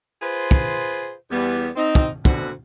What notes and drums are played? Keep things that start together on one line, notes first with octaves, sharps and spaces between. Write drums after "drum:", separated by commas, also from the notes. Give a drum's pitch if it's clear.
F4 G#4 B4 C5
drum: kick
E2 G3 B3
C4 D#4
drum: kick
D2 B2 D3 C4 F#4 F#5, drum: kick